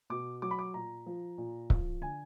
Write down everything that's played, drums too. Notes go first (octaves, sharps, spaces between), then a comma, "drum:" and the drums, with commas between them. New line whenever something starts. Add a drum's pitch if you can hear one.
B2 D6
F#3 D6
B5
D6
A#2 A#5
F3
A#2
F3, drum: kick C#1
D3 G#5